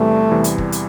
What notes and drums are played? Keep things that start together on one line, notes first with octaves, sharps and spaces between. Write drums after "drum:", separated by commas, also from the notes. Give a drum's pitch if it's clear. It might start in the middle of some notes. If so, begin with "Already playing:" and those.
Already playing: E2 C3 E3 G3 A3
E2 C3 E3 G3
drum: hi-hat
drum: kick
drum: hi-hat